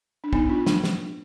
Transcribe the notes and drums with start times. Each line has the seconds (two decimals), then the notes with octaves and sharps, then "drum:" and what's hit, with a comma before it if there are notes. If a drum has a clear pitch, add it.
0.24 D4
0.33 B3 D#4, drum: kick
0.49 D4 F4
0.66 A#3 D4, drum: snare
0.84 drum: snare